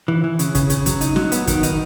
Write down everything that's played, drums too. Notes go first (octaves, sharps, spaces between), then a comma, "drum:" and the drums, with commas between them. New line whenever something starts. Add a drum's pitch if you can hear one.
E3
E3
C#3, drum: hi-hat
C#3, drum: kick, hi-hat
C#3, drum: hi-hat
F#3, drum: kick, hi-hat
D#4, drum: hi-hat
F#3, drum: snare
B3, drum: hi-hat
D#3, drum: kick, hi-hat
D#4, drum: hi-hat